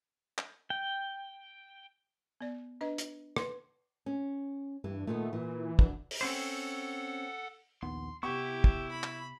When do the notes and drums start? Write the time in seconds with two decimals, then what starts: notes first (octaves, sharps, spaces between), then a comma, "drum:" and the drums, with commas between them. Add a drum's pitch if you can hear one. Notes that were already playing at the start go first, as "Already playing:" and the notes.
0.38 drum: clap
0.70 G5
2.41 B3 D5
2.81 D4 B4 D#5
2.98 drum: hi-hat
3.36 B4 F#5 C6, drum: rim click
4.06 C#4
4.84 G2 E3
5.07 A#2 D#3 A3 B3
5.33 A#2 E3
5.79 F#2 D4, drum: kick
6.11 drum: open hi-hat
6.21 C4 C#4 A4 C5 F#5
7.82 A#1 D#2 B3 C6
8.23 C3 B3 E4 G4 C#6
8.64 drum: kick
8.91 B5
9.03 drum: clap